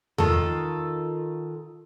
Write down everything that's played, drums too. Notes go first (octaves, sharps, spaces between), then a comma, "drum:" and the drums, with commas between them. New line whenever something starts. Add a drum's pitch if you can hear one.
D#3 F4 A4, drum: tom E2